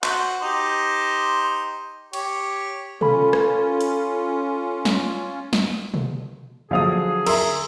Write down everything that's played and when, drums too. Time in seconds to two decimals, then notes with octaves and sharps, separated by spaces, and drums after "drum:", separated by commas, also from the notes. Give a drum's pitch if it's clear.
0.03 F#4 C5 F#5, drum: clap
0.42 D#4 G4 C5
2.13 G4 C#5, drum: cymbal
3.01 C#4 F4 A4 B5, drum: tom B2
3.33 drum: rim click
3.81 drum: hi-hat
4.85 drum: snare
5.53 drum: snare
5.94 drum: tom B2
6.71 D3 F3 F#3 G#4 F5 D#6
7.27 A#4 E5 C6 E6, drum: cymbal